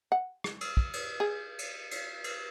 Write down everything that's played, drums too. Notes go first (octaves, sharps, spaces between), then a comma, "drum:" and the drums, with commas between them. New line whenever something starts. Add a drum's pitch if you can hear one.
F#5
drum: rim click
drum: cymbal
drum: kick
drum: cymbal
G#4
drum: cymbal
drum: cymbal
drum: cymbal